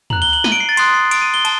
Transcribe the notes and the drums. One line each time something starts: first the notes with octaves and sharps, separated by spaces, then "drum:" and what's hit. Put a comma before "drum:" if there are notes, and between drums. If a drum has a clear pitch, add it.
A#5 F#6 F#7, drum: tom
G7
F#7
D#7, drum: snare
D7
C7
A6
C6 D#6 F#6 C7, drum: cymbal
C7
D7, drum: cymbal
D#7
G7
A5, drum: cymbal